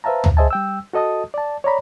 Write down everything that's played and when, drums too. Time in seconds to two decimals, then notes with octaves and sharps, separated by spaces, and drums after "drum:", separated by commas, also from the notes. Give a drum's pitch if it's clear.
0.04 B4 C5 E5 F5 A5 A#5
0.24 drum: tom
0.37 G#4 C5 D#5 E5 G#5 A5
0.50 G3 G5 E6
0.93 F#4 A4 D#5 A5 D#6
1.34 D5 A5
1.64 C#5 D5 A#5 B5